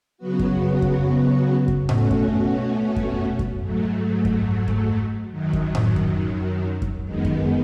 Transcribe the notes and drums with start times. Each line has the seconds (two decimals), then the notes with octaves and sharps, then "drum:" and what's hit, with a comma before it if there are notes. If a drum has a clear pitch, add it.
0.18 C#3 F#3 B3 F#4
0.39 drum: kick F#2
0.82 drum: kick F#2
1.68 drum: kick F#2
1.89 B2 A3 C#4 F#4, drum: tom A2
2.11 drum: kick F#2
2.96 drum: kick F#2
3.39 drum: kick F#2
3.60 G#2 F#3 A3
4.25 drum: kick F#2
4.68 drum: kick F#2
5.31 F#2 D#3 F#3
5.53 drum: kick F#2
5.75 drum: tom A2
5.96 drum: kick F#2
6.82 drum: kick F#2
7.03 F#2 D#3 G#3 B3
7.25 drum: kick F#2